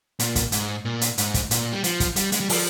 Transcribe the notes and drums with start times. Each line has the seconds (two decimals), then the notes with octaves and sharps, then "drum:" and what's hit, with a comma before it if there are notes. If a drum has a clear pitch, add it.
0.19 A#2, drum: hi-hat
0.36 drum: kick, hi-hat
0.52 G#2, drum: hi-hat
0.85 A#2
1.01 drum: hi-hat
1.18 G#2, drum: hi-hat
1.34 drum: kick, hi-hat
1.51 A#2, drum: hi-hat
1.72 G3
1.84 F3, drum: hi-hat
2.00 drum: kick, hi-hat
2.16 G3, drum: hi-hat
2.32 G#3, drum: hi-hat
2.40 G3
2.49 F3, drum: open hi-hat